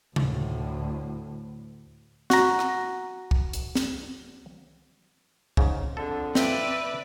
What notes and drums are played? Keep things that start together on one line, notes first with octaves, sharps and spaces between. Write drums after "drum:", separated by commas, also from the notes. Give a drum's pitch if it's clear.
D2 A2, drum: tom C3
F#4 A#5, drum: snare
drum: rim click
drum: kick C2
drum: hi-hat
drum: snare
G#2 C#3, drum: kick C2
F2 D3 A4
F3 C4 B4 D5 E5, drum: snare